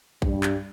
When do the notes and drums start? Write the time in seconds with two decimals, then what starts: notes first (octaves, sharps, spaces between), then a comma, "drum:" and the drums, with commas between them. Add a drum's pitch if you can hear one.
0.22 G2 G3, drum: kick A#1
0.43 drum: clap